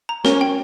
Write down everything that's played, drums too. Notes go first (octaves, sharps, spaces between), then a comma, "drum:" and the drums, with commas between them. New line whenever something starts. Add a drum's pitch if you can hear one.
A#5
C#4 A#4, drum: snare
G5